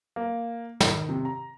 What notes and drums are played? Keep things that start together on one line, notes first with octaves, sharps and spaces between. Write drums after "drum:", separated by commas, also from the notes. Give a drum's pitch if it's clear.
A#3
D#3, drum: snare
C3
A#5